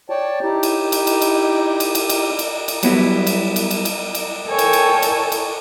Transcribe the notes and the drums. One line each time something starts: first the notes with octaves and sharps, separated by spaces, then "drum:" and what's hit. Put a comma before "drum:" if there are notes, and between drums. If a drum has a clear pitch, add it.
C#5 D5 G5 A5
D#4 E4 G4
drum: cymbal
drum: cymbal
drum: cymbal
drum: cymbal
drum: cymbal
drum: cymbal
drum: cymbal
drum: cymbal
drum: cymbal
F#3 G3 B3 E4 F#4, drum: cymbal
drum: cymbal
drum: cymbal
drum: cymbal
drum: cymbal
drum: cymbal
A4 A#4 C#5 G5 G#5
drum: cymbal
drum: cymbal
drum: cymbal
drum: cymbal